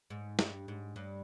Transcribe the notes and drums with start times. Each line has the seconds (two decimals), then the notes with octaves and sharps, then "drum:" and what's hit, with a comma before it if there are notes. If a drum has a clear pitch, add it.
0.10 G#2
0.39 G2, drum: snare
0.68 G#2
0.96 G2